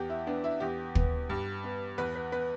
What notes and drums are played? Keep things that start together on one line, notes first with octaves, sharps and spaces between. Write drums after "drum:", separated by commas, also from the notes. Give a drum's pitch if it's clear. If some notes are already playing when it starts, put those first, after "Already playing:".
Already playing: E2 G4
E4
B3 D4
E4
E2 G4
B3, drum: kick
G2
B3
E2 B4
B4
B3 B4